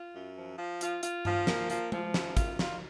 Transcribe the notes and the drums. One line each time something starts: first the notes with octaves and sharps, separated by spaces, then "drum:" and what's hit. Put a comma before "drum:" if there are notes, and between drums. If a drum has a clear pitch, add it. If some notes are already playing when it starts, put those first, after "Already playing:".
Already playing: F4
F#2
F3
F3
F4, drum: hi-hat
F4, drum: hi-hat
F3, drum: tom G2
A#3, drum: snare
F3, drum: hi-hat
F3, drum: tom G#3
F#2, drum: snare
F4, drum: kick, hi-hat
F4, drum: snare